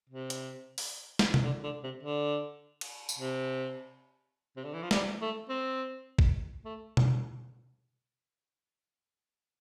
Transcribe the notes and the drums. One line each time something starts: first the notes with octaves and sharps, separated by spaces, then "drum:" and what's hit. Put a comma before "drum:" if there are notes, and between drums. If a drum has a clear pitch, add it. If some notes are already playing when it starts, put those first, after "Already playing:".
C3
drum: hi-hat
drum: open hi-hat
drum: snare
drum: tom C3
D3
D3
C3
D3
drum: cymbal
drum: tambourine
C3
C3
D3
E3
F3
G3, drum: snare
A3
C4
drum: kick A1
A3
drum: tom B2